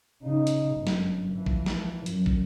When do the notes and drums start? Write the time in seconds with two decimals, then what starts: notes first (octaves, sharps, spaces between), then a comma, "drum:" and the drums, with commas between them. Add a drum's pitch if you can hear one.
0.23 C#3 D#4
0.47 drum: hi-hat
0.75 G1 F#2
0.87 drum: snare
1.34 E3 F3
1.46 drum: kick
1.66 drum: snare
2.06 F#2, drum: hi-hat
2.26 drum: kick